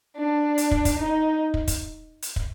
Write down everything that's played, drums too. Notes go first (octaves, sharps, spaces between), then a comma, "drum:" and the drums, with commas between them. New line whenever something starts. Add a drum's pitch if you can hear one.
D4
drum: hi-hat
drum: kick
drum: kick, hi-hat
D#4
drum: kick
drum: kick, hi-hat
drum: hi-hat
drum: kick